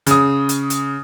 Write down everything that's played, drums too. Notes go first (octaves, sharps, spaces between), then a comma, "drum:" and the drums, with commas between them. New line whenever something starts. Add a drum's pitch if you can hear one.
C#3 D#6, drum: hi-hat
drum: hi-hat
drum: hi-hat